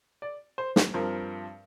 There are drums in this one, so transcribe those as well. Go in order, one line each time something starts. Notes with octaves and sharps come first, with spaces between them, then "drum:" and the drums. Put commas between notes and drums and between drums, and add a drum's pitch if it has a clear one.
D5
C5
drum: snare
G2 F3 C4 A#4